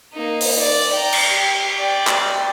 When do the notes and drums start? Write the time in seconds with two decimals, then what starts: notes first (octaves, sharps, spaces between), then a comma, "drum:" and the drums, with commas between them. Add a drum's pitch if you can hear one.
0.13 A#3 D#4
0.41 drum: open hi-hat
0.59 D5
0.93 G5 A#5
1.13 drum: cymbal
1.31 G4
1.78 D5 G5
2.07 drum: clap